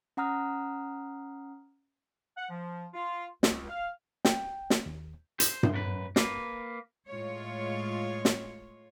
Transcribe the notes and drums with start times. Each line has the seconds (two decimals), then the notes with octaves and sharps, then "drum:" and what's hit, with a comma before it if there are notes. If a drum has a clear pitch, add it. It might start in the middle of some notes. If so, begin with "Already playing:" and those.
0.17 C#4 F#5 A#5 D#6 F6
2.37 F#5
2.50 F3
2.94 F4
3.43 C#2, drum: snare
3.69 F5
4.25 G5, drum: snare
4.70 drum: snare
4.86 D#2
5.40 C5, drum: hi-hat
5.63 drum: tom G2
5.74 F#2 B4
6.16 A#3 B4, drum: snare
7.08 A2 G#3 F4 C#5
8.25 drum: snare